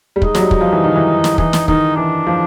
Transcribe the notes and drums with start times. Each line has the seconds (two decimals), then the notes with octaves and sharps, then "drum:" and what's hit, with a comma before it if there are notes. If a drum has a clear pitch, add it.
0.16 G3
0.22 G#3 D#4, drum: kick
0.35 F#3, drum: snare
0.41 G3
0.51 drum: kick
0.61 F3
0.72 E3
0.84 D#3
0.96 E3
1.24 drum: snare
1.38 E3 D#4, drum: kick
1.53 drum: snare
1.68 D#3 D#4, drum: kick
1.96 E3 D4
2.27 F3